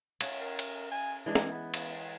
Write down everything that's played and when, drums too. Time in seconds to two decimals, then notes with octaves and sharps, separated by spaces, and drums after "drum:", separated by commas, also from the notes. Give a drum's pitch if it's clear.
0.21 C#4, drum: cymbal
0.40 A#4
0.59 drum: cymbal
0.91 G#5
1.26 E3 G#3 D4
1.35 drum: snare
1.51 B3
1.74 drum: cymbal